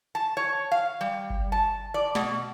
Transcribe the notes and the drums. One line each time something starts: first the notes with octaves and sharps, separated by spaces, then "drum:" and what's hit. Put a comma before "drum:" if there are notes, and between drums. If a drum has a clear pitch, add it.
A5
C#5
F5
G3
drum: kick G1
A5
D5
B2, drum: snare